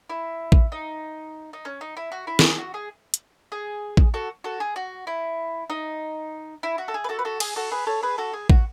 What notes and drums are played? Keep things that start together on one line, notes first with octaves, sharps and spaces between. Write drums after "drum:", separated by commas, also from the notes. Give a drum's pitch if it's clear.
E4
drum: kick A1
D#4
D#4
C#4
D#4
E4
F#4
E4
A4, drum: snare
G#4
F#4
G#4
drum: hi-hat
G#4
drum: kick A1
F#4 A4
F#4 A4
G#4
F#4
E4
D#4
E4
F#4
A4
G#4
B4
F#4 A4
B4
F#4 A4
G#4, drum: cymbal
F#4 A4
G#4 B4
A4 C#5
G#4 B4
F#4 A4
G#4
F#4, drum: kick A1